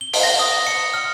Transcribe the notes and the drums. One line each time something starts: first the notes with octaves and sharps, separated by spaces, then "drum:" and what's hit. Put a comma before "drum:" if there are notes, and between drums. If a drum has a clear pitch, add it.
G7
drum: open hi-hat
A#6
D#6
C#7
F6